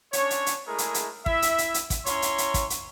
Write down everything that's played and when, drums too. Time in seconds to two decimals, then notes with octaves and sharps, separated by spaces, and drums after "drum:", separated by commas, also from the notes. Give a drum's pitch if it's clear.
0.13 C#4 D4 C#5, drum: hi-hat
0.30 drum: hi-hat
0.46 drum: hi-hat
0.67 G#3 A3 E4 G#4 A#4
0.78 drum: hi-hat
0.94 drum: hi-hat
1.26 E4 E5, drum: kick
1.42 drum: hi-hat
1.58 drum: hi-hat
1.74 drum: hi-hat
1.90 drum: kick, hi-hat
2.06 C#4 E4 C#5 A#5 C6, drum: hi-hat
2.22 drum: hi-hat
2.38 drum: hi-hat
2.54 drum: kick, hi-hat
2.70 drum: hi-hat